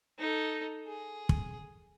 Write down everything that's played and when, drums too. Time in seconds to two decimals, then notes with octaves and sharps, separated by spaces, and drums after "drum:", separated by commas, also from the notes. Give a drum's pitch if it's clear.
0.19 D#4 A4
0.87 G#4
1.29 drum: kick